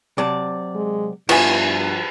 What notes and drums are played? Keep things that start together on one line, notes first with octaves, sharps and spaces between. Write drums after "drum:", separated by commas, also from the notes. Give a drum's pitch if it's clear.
C3 F#3 D5 A5
G#3
G2 F3 B3 E4 F4 G#5 C#6, drum: cymbal